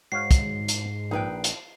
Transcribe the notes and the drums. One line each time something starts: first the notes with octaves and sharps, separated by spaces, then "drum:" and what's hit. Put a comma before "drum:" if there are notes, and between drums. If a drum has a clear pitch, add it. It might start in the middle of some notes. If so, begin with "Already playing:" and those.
G#2 F#4 C#5 F5 C7
drum: kick, hi-hat
drum: hi-hat
A#1 D#4 B4 G5
drum: hi-hat